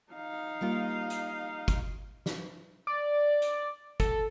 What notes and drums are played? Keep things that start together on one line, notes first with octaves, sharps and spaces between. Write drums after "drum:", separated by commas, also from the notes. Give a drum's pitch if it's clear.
D#4 F5
G3 A#3 F4
drum: hi-hat
drum: kick G1, hi-hat
drum: snare
D5
drum: hi-hat
A4, drum: kick G1, hi-hat